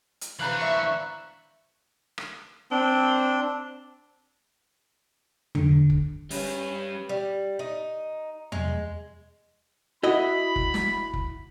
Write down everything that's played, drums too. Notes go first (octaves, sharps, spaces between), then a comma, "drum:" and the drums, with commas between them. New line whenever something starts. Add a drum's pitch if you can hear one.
drum: hi-hat
E3 D4 B4 C5 F5 A#5 F#6 F#7
E5 C#6
drum: rim click
C4 D4
D3, drum: tom E2
drum: kick
G3 C#4 B4, drum: open hi-hat
G3
D#4
G#3, drum: tom E2
E4 F#4 D#5 B5
drum: kick
drum: snare
drum: kick